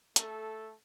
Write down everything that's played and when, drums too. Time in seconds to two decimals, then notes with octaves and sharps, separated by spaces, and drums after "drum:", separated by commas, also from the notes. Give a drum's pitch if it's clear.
0.16 A3 A4, drum: hi-hat